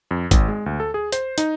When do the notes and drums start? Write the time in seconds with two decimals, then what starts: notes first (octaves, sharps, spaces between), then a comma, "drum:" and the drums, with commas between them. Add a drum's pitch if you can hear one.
0.11 F2
0.31 G#1, drum: kick, hi-hat
0.48 G#3
0.66 D2
0.80 A4
0.94 G#4
1.12 C5, drum: hi-hat
1.38 D#4, drum: hi-hat